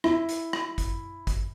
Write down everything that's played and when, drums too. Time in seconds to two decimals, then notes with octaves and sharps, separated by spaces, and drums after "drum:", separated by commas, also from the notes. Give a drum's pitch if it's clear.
0.04 E4, drum: rim click
0.29 drum: hi-hat
0.53 drum: rim click
0.78 drum: kick, hi-hat
1.27 drum: kick, hi-hat